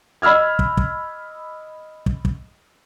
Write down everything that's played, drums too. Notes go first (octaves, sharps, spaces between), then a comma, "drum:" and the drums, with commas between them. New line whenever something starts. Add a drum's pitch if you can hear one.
D#5 B5 E6 F6 G#6
drum: kick
drum: kick
drum: kick
drum: kick